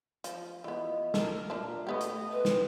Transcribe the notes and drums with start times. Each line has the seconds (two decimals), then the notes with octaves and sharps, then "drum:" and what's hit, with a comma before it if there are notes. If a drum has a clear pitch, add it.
0.24 F3, drum: hi-hat
0.64 E3 B3 F4 D#5
1.14 A4 A#4, drum: snare
1.50 A#2 D4 E5 A5
1.87 A3 B3 G4 A4 D#5
2.01 drum: hi-hat
2.31 C4 B4
2.45 drum: snare